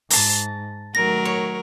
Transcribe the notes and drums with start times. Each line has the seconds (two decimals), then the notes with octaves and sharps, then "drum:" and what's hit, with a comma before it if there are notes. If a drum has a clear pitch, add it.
0.10 G#2 A5 A#5, drum: open hi-hat
0.95 D#3 F#3 A3 A#4 A#6
1.25 C#5